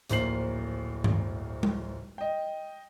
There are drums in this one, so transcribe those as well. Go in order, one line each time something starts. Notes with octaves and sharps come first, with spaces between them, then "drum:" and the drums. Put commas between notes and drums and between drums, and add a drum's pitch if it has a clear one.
D1 A#1 A#3 C5 C7 F#7, drum: hi-hat
drum: tom G2
drum: tom G3
D#5 G5